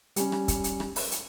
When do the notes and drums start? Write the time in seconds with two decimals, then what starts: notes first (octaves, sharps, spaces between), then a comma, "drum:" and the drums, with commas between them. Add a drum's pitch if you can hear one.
0.16 G3 C#4, drum: hi-hat
0.32 drum: rim click
0.48 drum: kick, hi-hat
0.64 drum: hi-hat
0.80 drum: rim click
0.96 drum: open hi-hat
1.12 drum: hi-hat